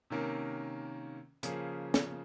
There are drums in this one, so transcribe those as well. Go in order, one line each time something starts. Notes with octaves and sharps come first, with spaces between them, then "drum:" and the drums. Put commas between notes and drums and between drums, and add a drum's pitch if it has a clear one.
C3 D#3 A#3 C#4
C#3 F3 A#3 C#4 G#4, drum: hi-hat
drum: snare